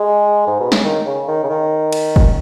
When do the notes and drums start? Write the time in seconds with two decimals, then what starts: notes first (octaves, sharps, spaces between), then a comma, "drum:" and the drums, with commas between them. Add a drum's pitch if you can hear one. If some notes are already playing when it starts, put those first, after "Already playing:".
Already playing: G#3
0.47 G#2
0.60 B2
0.72 C#3, drum: snare
0.84 D#3
1.06 C#3
1.28 D#3
1.43 C#3
1.50 D#3
1.93 drum: cymbal
2.16 drum: kick